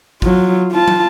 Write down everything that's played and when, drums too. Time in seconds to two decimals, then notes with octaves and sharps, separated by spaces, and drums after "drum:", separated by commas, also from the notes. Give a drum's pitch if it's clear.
0.22 F#3 F4, drum: kick G#1
0.72 F4 A5
0.88 drum: tom